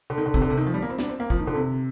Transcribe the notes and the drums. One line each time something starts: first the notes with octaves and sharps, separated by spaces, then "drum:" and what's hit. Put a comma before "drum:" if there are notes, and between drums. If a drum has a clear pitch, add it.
D3
D#3
D3
C3, drum: kick
D3
C3
D#3
F3
G3
A#3
C4
D4, drum: snare
C4
A#3
F3, drum: kick
D#3
D3
C3